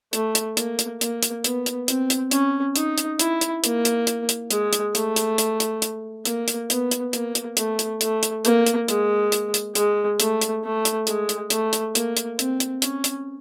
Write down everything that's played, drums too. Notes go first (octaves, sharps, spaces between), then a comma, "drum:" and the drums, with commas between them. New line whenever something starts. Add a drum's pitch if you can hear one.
A3, drum: hi-hat
drum: hi-hat
A#3, drum: hi-hat
drum: hi-hat
A#3, drum: hi-hat
drum: hi-hat
B3, drum: hi-hat
drum: hi-hat
C4, drum: hi-hat
drum: hi-hat
C#4, drum: hi-hat
D#4, drum: hi-hat
drum: hi-hat
E4, drum: hi-hat
drum: hi-hat
A#3, drum: hi-hat
drum: hi-hat
drum: hi-hat
drum: hi-hat
G#3, drum: hi-hat
drum: hi-hat
A3, drum: hi-hat
drum: hi-hat
drum: hi-hat
drum: hi-hat
drum: hi-hat
A#3, drum: hi-hat
drum: hi-hat
B3, drum: hi-hat
drum: hi-hat
A#3, drum: hi-hat
drum: hi-hat
A3, drum: hi-hat
drum: hi-hat
A3, drum: hi-hat
drum: hi-hat
A#3, drum: hi-hat
drum: hi-hat
G#3, drum: hi-hat
drum: hi-hat
drum: hi-hat
G#3, drum: hi-hat
A3, drum: hi-hat
drum: hi-hat
A3
drum: hi-hat
G#3, drum: hi-hat
drum: hi-hat
A3, drum: hi-hat
drum: hi-hat
A#3, drum: hi-hat
drum: hi-hat
C4, drum: hi-hat
drum: hi-hat
C#4, drum: hi-hat
drum: hi-hat